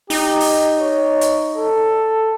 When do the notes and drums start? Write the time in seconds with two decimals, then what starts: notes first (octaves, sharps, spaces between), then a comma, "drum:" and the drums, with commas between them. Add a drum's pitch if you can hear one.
0.10 D#4 G4, drum: open hi-hat
0.40 drum: open hi-hat
0.78 C#5
1.21 drum: hi-hat
1.57 A4